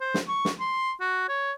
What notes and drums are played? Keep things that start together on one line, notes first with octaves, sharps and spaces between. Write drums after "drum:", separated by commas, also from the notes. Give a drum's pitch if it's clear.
C5
drum: snare
C#6
drum: snare
C6
F#4
C#5